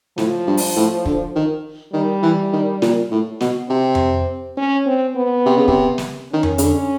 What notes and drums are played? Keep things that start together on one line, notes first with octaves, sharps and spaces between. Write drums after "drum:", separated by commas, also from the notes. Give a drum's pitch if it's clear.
A2 F3, drum: snare
G2
drum: open hi-hat
A2
D3, drum: kick
D#3
D#3 G3
E3
D#3
A#2, drum: snare
A2
B2, drum: snare
C3 C4
drum: tom F2
C#4
C4
B3
C3
C#3
C3, drum: kick
drum: snare
D#3 C#4
drum: tom F2
C#3, drum: hi-hat
D3